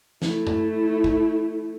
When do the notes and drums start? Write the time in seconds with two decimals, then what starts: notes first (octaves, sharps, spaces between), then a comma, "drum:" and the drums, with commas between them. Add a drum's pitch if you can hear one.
0.22 A3 E4, drum: snare
0.47 drum: tom G2
1.04 drum: kick